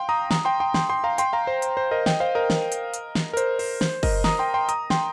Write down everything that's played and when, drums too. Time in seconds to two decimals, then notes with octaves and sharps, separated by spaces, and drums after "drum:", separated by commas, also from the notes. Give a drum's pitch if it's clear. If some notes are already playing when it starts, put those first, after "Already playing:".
Already playing: F5 G5 C6
0.09 A#5 D#6
0.31 A#5 D#6, drum: snare
0.45 G5 C6
0.60 G5 C6
0.74 G5 C6, drum: snare
0.90 G5 C6
1.04 F5 A#5
1.18 G5 C6, drum: hi-hat
1.33 F5 A#5
1.47 C5
1.62 drum: hi-hat
1.77 C5
1.91 A#4 D#5
2.06 D#5 G5, drum: snare
2.20 C5 F5
2.35 A#4 D#5
2.50 drum: snare
2.72 drum: hi-hat
2.94 drum: hi-hat
3.15 drum: snare
3.33 A#4
3.37 C5, drum: hi-hat
3.59 C5, drum: open hi-hat
3.81 C5, drum: snare
4.03 A#4 D#5, drum: kick, open hi-hat
4.24 A#5 D#6, drum: snare
4.39 G5 C6
4.54 G5 C6
4.69 A#5 D#6, drum: hi-hat
4.90 G5 C6, drum: snare